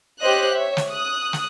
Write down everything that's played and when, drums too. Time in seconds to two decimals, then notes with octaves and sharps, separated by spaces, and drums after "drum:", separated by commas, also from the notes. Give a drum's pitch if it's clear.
0.22 G4 C5 C#5 D#5 F#6
0.53 C#5 E5
0.77 drum: snare
0.91 D#6 F#6
1.33 drum: snare